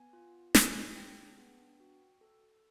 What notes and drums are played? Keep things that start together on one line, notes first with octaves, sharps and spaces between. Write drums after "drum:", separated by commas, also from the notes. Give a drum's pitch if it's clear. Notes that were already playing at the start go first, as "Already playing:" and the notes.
Already playing: B3 G#5
F4
G#4 G#5, drum: snare
D4 G5
B3
F#4
A4